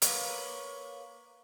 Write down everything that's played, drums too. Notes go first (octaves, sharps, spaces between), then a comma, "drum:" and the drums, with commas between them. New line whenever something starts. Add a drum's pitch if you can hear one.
A#3 B4 C#5, drum: hi-hat